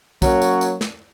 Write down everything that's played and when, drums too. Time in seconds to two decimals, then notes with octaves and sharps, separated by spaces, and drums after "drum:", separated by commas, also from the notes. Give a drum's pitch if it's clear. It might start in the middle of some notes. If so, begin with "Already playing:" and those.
0.22 F#3 A#3 C#4 F#4 C#5, drum: kick, tambourine
0.42 drum: tambourine
0.61 drum: tambourine
0.81 drum: snare